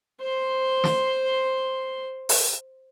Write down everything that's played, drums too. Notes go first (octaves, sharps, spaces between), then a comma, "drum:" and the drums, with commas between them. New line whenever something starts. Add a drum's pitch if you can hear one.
C5 C6
drum: snare
drum: open hi-hat